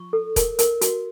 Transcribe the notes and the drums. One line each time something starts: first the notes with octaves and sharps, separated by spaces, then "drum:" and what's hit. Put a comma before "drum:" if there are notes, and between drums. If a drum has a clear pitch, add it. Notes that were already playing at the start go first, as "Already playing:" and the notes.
Already playing: F4 C#6
A4
A#4, drum: kick E1, hi-hat
A#4, drum: hi-hat
F#4, drum: hi-hat